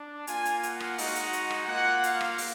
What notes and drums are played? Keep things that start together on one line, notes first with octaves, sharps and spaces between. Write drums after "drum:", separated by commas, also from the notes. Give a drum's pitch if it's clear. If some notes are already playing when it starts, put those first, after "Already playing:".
Already playing: D4
A#3 F4 G#5, drum: hi-hat
drum: hi-hat
F#5, drum: hi-hat
drum: rim click
G#3 D#4 F#4, drum: open hi-hat
drum: hi-hat
drum: hi-hat
drum: rim click
A#3 F4 F#5
F5, drum: hi-hat
drum: rim click
drum: open hi-hat